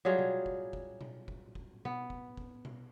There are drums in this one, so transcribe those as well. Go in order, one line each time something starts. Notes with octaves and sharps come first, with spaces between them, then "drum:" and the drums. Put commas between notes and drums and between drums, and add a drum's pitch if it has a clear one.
F#3 G3 F4 G#4
drum: tom B2
drum: kick
drum: kick
drum: tom B2
drum: kick
drum: kick
B3, drum: tom B2
drum: kick
drum: kick
drum: tom B2